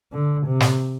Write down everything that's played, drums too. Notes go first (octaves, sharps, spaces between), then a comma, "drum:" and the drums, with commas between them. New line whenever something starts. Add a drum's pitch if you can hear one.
D3
C3
drum: snare